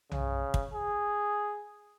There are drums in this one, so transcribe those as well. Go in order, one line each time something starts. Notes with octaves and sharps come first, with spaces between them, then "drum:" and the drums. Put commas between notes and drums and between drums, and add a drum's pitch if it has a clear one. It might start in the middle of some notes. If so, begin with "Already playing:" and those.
C#3, drum: tom
drum: kick
G#4